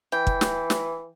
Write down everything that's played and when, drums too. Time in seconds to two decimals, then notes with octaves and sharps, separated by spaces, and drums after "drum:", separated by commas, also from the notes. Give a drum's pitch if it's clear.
0.12 E3 G5
0.27 drum: kick
0.41 drum: snare
0.70 drum: snare